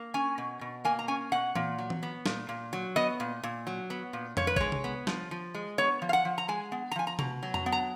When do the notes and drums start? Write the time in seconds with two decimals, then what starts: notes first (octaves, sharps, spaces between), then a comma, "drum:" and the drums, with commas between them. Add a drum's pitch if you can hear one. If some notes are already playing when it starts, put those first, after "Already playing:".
Already playing: A#3
0.14 C#4 G#5
0.38 B2
0.61 B2
0.85 A#3 G#5
0.99 A#5
1.08 C#4 G#5
1.32 B2 F#5
1.55 A#2, drum: tom E3
1.78 F#3
1.90 drum: tom E3
2.03 B3
2.26 A#2, drum: snare
2.49 A#2
2.73 F#3
2.96 B3 D#5
3.20 A#2
3.43 A#2
3.67 F#3
3.90 B3
4.13 A#2
4.37 F3 C#5, drum: tom F2
4.47 B4
4.56 G#3 C#5, drum: kick
4.72 drum: tom C3
4.84 B3
5.07 F3, drum: snare
5.31 F3
5.55 G#3
5.78 B3 C#5
6.02 F3
6.09 F5
6.13 F#5
6.25 F3
6.38 A#5
6.48 G#3 G#5
6.72 B3
6.91 A#5
6.96 F3 G#5
7.07 A#5
7.19 B2 A#5, drum: tom C3
7.43 F#3
7.54 A#5, drum: tom F2
7.66 B3
7.72 A#5